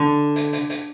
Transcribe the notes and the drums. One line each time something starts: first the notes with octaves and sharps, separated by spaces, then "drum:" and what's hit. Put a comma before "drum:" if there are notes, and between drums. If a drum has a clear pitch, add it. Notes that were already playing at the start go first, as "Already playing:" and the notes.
Already playing: D3
drum: hi-hat
drum: hi-hat
drum: hi-hat